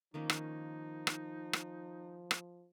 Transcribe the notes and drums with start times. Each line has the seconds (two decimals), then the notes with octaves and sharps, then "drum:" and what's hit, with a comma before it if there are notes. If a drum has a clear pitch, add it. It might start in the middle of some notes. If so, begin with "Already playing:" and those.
0.14 D#3 F3 A#3 C#4 D#4
0.30 drum: rim click
1.07 drum: rim click
1.53 drum: rim click
2.31 drum: rim click